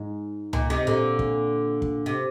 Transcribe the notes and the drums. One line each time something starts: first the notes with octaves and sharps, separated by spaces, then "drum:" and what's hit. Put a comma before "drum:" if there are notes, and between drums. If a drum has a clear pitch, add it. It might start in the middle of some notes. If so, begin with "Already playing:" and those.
Already playing: G#2
A#2, drum: tom C#2
C3 D#3
A#2 D3
drum: kick
drum: kick
C3